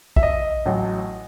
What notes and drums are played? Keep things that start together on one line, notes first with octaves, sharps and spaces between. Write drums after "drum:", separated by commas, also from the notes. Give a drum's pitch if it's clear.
E5, drum: kick A#1
D#5
A1 A2 F#3